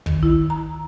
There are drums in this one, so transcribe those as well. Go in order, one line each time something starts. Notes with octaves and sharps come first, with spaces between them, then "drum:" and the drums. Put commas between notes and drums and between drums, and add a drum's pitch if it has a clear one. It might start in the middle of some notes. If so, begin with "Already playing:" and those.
D#3, drum: kick
E4
A#5